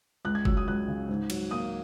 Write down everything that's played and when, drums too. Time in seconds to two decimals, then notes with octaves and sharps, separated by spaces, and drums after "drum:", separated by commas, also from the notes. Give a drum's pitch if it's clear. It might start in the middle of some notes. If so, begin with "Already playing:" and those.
0.25 C#2 F#6
0.35 G#6
0.45 F#3 E6, drum: kick F#1
0.57 D#6
0.67 C#2 F#6
0.88 C#3
1.09 G#2
1.30 F#3, drum: cymbal
1.51 A#3 D#6